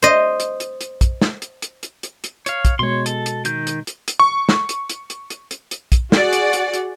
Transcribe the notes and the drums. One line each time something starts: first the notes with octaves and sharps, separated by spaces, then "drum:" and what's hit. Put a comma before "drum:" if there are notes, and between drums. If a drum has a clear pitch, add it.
C5 D#5
drum: hi-hat
drum: hi-hat
drum: hi-hat
drum: kick, hi-hat
drum: snare
drum: hi-hat
drum: hi-hat
drum: hi-hat
drum: hi-hat
drum: hi-hat
C#5 F5, drum: hi-hat
drum: kick, hi-hat
B2 G#3 C#5 C6
A4, drum: hi-hat
drum: hi-hat
D#3 G6, drum: hi-hat
drum: hi-hat
drum: hi-hat
drum: hi-hat
C#6
drum: snare
drum: hi-hat
drum: hi-hat
drum: hi-hat
drum: hi-hat
drum: hi-hat
drum: hi-hat
drum: kick, hi-hat
F#4 G#4 D5 F#5, drum: snare
drum: hi-hat
drum: hi-hat
drum: hi-hat